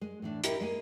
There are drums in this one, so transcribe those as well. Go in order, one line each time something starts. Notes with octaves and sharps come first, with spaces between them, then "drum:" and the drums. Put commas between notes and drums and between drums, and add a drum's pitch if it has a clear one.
G#3
A2 E3 D4
E4 G4 A#4 D#5 E5, drum: hi-hat
G#3 A#3 G#5